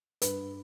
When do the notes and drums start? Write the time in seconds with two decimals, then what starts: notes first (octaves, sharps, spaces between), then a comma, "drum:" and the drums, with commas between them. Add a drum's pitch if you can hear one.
0.22 G2 B4, drum: hi-hat